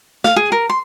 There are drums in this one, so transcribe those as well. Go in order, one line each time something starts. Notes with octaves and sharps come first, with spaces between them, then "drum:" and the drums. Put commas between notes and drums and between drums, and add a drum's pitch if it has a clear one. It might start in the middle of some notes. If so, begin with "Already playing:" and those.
F5, drum: snare
G#4
A#4
C6